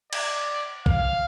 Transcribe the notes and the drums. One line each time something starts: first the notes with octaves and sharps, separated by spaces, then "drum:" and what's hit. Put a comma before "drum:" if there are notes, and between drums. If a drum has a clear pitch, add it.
D5, drum: cymbal
F5, drum: kick